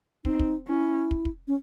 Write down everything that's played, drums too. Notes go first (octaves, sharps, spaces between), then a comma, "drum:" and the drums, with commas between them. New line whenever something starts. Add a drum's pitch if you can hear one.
C4 D#4, drum: kick
drum: kick
C#4 E4
drum: kick
drum: kick
C#4